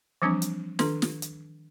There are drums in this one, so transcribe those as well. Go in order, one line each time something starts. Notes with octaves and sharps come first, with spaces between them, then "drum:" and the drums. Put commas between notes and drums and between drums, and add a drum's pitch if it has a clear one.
E3 F3 G3 C4 D4
drum: hi-hat
D#3 D4 A4, drum: snare
drum: snare
drum: hi-hat